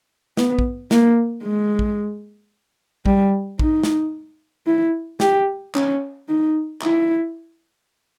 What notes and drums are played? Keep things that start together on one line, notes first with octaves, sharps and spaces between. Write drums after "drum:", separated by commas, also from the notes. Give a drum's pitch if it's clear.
B3, drum: snare
drum: kick A#1
A#3, drum: snare
G#3
drum: kick A#1
G3, drum: kick A#1
D#4, drum: kick A#1
drum: snare
E4
G4, drum: snare
C#4, drum: clap
D#4
E4, drum: clap